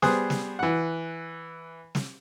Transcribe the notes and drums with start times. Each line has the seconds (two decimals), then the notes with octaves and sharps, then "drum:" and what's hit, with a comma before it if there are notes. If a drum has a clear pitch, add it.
0.02 G3 B3 G#4 C5 D#6 F#6, drum: snare
0.30 drum: snare
0.59 E3 F#5
1.95 drum: snare